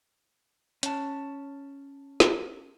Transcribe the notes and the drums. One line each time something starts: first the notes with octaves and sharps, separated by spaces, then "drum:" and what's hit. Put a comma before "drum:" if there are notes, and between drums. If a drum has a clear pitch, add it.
C#4 A5, drum: hi-hat
drum: snare